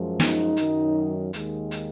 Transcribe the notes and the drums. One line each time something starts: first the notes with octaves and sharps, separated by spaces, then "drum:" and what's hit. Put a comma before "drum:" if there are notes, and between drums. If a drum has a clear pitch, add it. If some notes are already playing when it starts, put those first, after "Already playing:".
Already playing: F#2 F3 G#3
D#4, drum: snare
F#2 D#3 F#3, drum: hi-hat
D#2 D#3 G#3, drum: hi-hat
drum: hi-hat